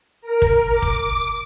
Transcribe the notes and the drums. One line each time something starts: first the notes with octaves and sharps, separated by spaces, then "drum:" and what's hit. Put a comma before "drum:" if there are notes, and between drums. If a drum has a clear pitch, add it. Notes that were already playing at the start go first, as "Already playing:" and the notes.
A#4
drum: kick
D6
drum: kick